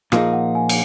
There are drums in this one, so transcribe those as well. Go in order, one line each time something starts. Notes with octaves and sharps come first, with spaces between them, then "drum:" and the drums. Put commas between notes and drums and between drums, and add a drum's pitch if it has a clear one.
A#2 F3 A#3 D#4 G#4 F5, drum: rim click
F#5
G#5
drum: cymbal